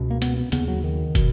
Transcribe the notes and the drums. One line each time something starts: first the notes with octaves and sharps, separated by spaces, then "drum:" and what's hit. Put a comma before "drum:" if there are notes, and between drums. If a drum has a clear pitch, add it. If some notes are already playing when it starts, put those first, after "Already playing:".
Already playing: C#2 B2
A#3
B3, drum: hi-hat
B3
D#2 C#3 B3, drum: hi-hat
F#3
D#3
B2, drum: kick, hi-hat